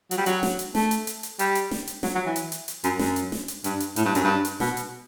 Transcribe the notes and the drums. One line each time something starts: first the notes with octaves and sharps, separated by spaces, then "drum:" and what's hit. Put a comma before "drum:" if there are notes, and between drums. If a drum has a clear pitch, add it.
F#3, drum: hi-hat
G3
F#3, drum: hi-hat
drum: snare
drum: hi-hat
A3, drum: snare
drum: hi-hat
drum: hi-hat
drum: hi-hat
G3, drum: hi-hat
drum: hi-hat
drum: snare
drum: hi-hat
F#3, drum: snare
F#3
E3
drum: hi-hat
drum: hi-hat
drum: hi-hat
F#2, drum: hi-hat
F#2, drum: snare
drum: hi-hat
drum: snare
drum: hi-hat
G2, drum: hi-hat
drum: hi-hat
A2, drum: hi-hat
G2
F#2, drum: hi-hat
G2
drum: hi-hat
B2, drum: snare
drum: hi-hat